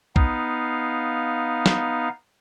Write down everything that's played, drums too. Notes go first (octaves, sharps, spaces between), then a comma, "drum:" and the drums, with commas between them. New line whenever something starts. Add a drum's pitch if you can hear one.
B3 D#4 F5, drum: kick
drum: snare